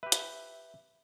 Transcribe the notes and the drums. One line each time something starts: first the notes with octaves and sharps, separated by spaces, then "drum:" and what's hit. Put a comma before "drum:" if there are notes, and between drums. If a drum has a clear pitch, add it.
G4 B4 E5
drum: hi-hat